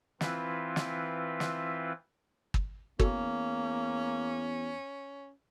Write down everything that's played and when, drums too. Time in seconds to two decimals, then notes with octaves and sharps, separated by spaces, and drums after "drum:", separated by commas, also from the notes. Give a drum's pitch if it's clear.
0.21 E3 C4 E4 F4 B4, drum: snare
0.76 drum: snare
1.40 drum: snare
2.54 drum: kick
3.00 E2 A#3 C#4 F#4 A4, drum: kick